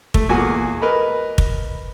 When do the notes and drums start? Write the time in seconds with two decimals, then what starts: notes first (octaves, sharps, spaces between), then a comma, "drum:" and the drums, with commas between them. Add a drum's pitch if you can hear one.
0.14 A3, drum: kick
0.29 E2 A#2 F#4 G#4 G#5
0.82 A#4 B4 D#5 B5
1.38 drum: kick